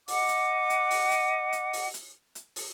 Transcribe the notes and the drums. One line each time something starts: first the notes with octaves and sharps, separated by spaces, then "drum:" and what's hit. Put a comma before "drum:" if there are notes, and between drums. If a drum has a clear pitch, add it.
D#5 F#5 D6, drum: open hi-hat
drum: hi-hat
drum: hi-hat
drum: open hi-hat
drum: hi-hat
drum: hi-hat
drum: open hi-hat
drum: hi-hat
drum: hi-hat
drum: open hi-hat